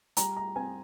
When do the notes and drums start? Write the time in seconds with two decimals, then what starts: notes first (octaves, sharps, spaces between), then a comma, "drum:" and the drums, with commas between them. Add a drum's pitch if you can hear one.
0.17 G3 A#5, drum: hi-hat
0.36 A#5
0.56 C4 G#5